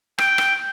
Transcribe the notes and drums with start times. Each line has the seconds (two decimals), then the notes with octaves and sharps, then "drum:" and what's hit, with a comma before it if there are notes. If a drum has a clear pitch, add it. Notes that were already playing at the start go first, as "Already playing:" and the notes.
0.18 G5, drum: rim click
0.38 drum: rim click